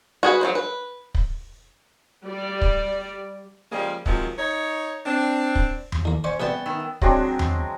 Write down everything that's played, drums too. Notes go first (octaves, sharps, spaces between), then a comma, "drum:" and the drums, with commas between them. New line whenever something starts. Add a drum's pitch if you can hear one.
F#4 G#4 B4
F#3 A#3 C5
B4
drum: kick
G3 D5
drum: kick
C#3 F3 G3 G#3 A#3
C3 D#3 F3 F#3 G#3, drum: kick
D#4 C#5
C4 D4
drum: kick
drum: tom E2
D#2 A#3
C#4 C5 D5 F#5
C3 G3 B3 G5 A5
D#3 E4
F#3 G#3 C4 D4, drum: kick
drum: tom E2